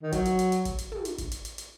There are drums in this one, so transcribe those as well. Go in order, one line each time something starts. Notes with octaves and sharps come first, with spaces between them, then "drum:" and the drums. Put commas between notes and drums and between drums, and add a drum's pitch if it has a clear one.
D#3
F#3, drum: kick, hi-hat
drum: hi-hat
drum: hi-hat
drum: hi-hat
drum: kick, hi-hat
drum: hi-hat
drum: tom
drum: hi-hat
drum: kick, hi-hat
drum: hi-hat
drum: hi-hat
drum: hi-hat